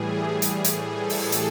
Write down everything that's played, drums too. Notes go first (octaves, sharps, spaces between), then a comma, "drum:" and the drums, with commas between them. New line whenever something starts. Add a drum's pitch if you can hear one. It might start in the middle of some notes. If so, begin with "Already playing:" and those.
Already playing: A2 E3 G3 G#4
drum: hi-hat
drum: hi-hat
A4
drum: open hi-hat
drum: hi-hat